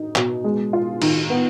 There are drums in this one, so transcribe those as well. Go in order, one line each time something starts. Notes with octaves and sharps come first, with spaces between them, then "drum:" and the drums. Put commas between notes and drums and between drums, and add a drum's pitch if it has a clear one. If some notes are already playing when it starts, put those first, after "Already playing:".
Already playing: D#4
B2, drum: clap
G#3
F4
D#3, drum: cymbal
B3